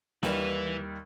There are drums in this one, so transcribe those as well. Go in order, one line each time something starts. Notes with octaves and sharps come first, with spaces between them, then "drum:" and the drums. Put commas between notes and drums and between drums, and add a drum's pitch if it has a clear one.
D#2 E3 G3 B4, drum: snare